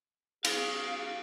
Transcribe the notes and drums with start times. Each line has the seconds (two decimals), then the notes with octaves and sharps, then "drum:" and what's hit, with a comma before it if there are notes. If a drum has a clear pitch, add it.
0.45 G#4 F5, drum: cymbal